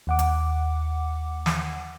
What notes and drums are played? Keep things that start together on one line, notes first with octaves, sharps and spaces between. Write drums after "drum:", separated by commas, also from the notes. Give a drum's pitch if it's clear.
D#2 F#5 D6
drum: hi-hat
drum: snare